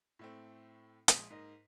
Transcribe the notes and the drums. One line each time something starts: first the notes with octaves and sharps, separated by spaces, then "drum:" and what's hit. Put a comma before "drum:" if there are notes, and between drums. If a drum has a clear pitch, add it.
A2 A3 C4
A#1 G#3 D#6 B6, drum: hi-hat
G#2 A#3 D#5